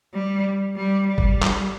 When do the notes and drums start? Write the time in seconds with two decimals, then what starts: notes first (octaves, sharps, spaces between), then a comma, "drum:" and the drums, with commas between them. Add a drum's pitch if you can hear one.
0.14 G3
0.76 G3
1.07 G3
1.18 drum: kick
1.43 drum: clap